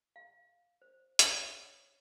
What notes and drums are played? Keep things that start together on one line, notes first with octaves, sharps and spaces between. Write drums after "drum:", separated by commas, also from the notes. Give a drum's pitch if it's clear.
F5
C5
C#5, drum: hi-hat